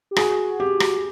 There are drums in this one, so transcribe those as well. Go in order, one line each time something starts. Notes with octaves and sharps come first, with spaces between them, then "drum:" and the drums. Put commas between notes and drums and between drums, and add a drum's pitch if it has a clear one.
G4
F#4 G#4, drum: rim click
G4
drum: rim click